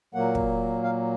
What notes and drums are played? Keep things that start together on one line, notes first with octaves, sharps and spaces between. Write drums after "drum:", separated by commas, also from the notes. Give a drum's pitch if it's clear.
A#2 F#3 A#3 F#5
drum: kick
F5